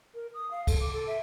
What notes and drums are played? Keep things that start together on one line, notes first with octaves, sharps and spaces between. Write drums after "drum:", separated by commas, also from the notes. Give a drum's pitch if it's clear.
A#4
D#6
F5
A4, drum: kick, cymbal
D6
A4
E5